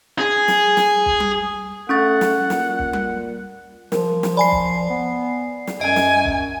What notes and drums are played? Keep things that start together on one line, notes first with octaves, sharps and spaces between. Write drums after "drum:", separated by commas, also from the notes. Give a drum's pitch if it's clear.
G#4
drum: snare
drum: snare
drum: kick
drum: tom G3
A3 C#4 F#5 C#6 A6
drum: snare
A#2, drum: snare
drum: kick
drum: tom G3
F3 A#4, drum: snare
drum: snare
D5 G#5 B5 C7
drum: kick
B3
drum: snare
F#2 D#5 G#5 D7
drum: snare
drum: kick